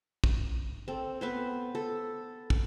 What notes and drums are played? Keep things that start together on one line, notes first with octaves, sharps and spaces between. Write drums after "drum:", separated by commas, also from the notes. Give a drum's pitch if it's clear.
drum: kick
C4 A4
B3 B4 C5
A4
drum: kick